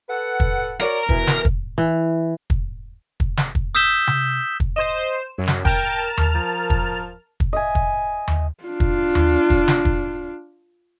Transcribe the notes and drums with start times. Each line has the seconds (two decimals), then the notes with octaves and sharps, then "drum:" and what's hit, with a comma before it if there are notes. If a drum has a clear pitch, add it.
0.09 A4 B4 F#5
0.40 drum: kick
0.81 F#4 A#4 C#5 D5
1.09 B2 E3, drum: kick
1.27 drum: snare
1.45 drum: kick
1.78 E3
2.50 drum: kick
3.20 drum: kick
3.37 drum: snare
3.55 drum: kick
3.75 D#6 E6 G6 B6 E7 G7
4.07 drum: tom C3
4.60 drum: kick
4.76 C5 D#5 E7
5.38 F#2 F#3
5.47 drum: snare
5.65 A#4 G5 A5 F6, drum: kick
6.18 drum: tom D#2
6.35 F3
6.70 drum: kick
7.40 drum: kick
7.53 D#5 E5 G#5
7.75 drum: kick
8.28 drum: tom D#2
8.64 D4 F4
8.80 drum: kick
9.15 drum: tom D#2
9.50 drum: kick
9.68 drum: snare
9.85 drum: kick